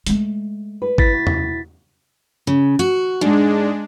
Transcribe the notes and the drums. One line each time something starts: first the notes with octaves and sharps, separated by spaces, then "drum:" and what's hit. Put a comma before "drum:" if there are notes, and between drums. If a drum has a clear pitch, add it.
G#3 A3, drum: hi-hat
B4
E4 A6 B6, drum: kick G#1
B2
drum: tom E2
C#3
F#4
G#2 G#3 D4